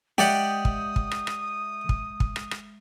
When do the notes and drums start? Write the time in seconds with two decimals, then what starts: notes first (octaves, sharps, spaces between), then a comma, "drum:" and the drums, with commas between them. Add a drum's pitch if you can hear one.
0.18 G#3 G4 D5 E5 F#5 G5 D#6 G6
0.65 drum: kick
0.96 drum: kick
1.11 drum: rim click
1.27 drum: rim click
1.89 drum: kick
2.20 drum: kick
2.36 drum: rim click
2.51 drum: rim click